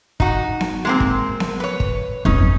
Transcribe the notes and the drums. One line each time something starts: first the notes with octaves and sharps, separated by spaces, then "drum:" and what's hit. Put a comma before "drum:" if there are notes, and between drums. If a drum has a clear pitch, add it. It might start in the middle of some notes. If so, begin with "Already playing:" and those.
D#4 F#4, drum: kick
drum: snare B3
G#3 A#3 C4
drum: kick
drum: snare B3
B4 C#5
drum: kick
G1 F2 C#4 D#4